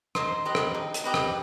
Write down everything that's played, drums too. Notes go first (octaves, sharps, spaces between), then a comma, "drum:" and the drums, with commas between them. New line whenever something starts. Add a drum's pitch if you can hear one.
D#4 C5 C6, drum: rim click
G4 B4 D#5
drum: rim click
D#4
drum: hi-hat
G4 B4 D#5
drum: rim click